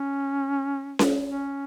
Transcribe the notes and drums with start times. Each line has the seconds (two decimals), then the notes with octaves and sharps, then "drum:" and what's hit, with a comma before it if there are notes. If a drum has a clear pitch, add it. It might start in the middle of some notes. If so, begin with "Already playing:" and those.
Already playing: C#4
0.99 drum: snare C#4
1.25 C#4